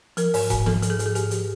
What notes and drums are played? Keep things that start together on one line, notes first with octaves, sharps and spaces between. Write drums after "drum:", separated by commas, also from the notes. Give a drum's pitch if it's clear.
F3 A#4, drum: hi-hat
G#2, drum: open hi-hat
G#2, drum: kick E1, hi-hat
F3 A4, drum: snare
F3, drum: hi-hat
G#4
G#2, drum: hi-hat
G#4
G#2 G4, drum: hi-hat
F3, drum: hi-hat